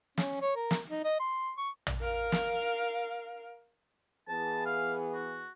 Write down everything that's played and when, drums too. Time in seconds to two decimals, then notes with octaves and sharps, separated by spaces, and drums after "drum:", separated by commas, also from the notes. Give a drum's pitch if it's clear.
0.18 C#4, drum: snare
0.41 C#5
0.56 A#4
0.71 drum: snare
0.90 D#4
1.04 D#5
1.20 C6
1.57 C#6
1.87 drum: tom
2.01 A#4 F5
2.32 drum: snare
4.29 E3 B3 G#4 A5
4.66 F5
5.13 F#4